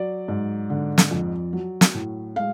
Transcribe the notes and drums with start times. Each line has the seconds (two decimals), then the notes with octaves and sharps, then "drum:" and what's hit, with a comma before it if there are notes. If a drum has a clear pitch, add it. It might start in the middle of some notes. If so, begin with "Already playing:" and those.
Already playing: F#3 D5
0.28 G#2
0.70 D3
0.98 drum: snare
1.11 F2
1.53 F#3
1.81 drum: snare
1.94 A2
2.36 G#3 F5